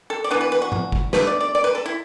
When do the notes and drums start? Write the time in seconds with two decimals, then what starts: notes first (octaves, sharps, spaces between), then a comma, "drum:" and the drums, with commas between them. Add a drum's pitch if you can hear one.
0.10 A4
0.24 D5
0.31 E3 B3 D4 B4
0.41 B4
0.52 B4
0.62 F#4
0.72 drum: tom A2
0.92 drum: kick
1.13 B2 A3 D4 B4, drum: snare
1.27 D5
1.41 D5
1.55 D5
1.64 B4
1.75 A4
1.86 E4